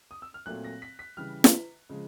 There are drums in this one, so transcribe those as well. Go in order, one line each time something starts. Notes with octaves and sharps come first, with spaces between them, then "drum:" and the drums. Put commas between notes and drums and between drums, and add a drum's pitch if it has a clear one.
D#6
E6
F6
A#2 F#3 A3 C4 F#6
A#6
B6
B6
C#3 E3 G3 F6
drum: snare
C#3 F3 G#3